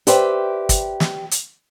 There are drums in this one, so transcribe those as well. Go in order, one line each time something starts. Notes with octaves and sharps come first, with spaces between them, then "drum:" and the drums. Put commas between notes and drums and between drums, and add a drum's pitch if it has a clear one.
G4 B4 C5 D5 E5 G5, drum: hi-hat
drum: kick, hi-hat
drum: snare
drum: hi-hat